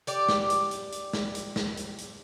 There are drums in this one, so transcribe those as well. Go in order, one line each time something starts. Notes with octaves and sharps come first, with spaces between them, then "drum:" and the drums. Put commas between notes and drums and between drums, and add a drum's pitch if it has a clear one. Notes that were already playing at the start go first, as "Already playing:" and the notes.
G4 D5, drum: hi-hat
drum: snare
drum: hi-hat
drum: hi-hat
drum: hi-hat
drum: snare
drum: hi-hat
drum: snare
drum: hi-hat
drum: hi-hat